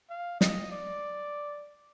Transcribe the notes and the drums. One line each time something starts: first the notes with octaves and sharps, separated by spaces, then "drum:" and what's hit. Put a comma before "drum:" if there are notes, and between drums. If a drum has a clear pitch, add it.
F5
D#5, drum: snare
D5